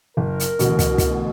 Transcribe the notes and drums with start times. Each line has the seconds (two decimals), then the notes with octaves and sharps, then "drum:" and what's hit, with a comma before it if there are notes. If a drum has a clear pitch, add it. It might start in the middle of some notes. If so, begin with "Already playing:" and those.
0.17 F#1 A#4
0.40 drum: hi-hat
0.59 A1 D2 B2, drum: hi-hat
0.79 drum: kick, hi-hat
0.98 drum: kick, hi-hat